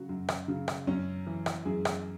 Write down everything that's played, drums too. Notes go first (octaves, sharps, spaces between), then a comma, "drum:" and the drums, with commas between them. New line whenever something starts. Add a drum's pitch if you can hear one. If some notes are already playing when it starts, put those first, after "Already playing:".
Already playing: C#3 F#3 F#4
F#2
drum: rim click
C#3 F#3
drum: rim click
F#2 C#4
E3
drum: rim click
F#2 G#4
drum: rim click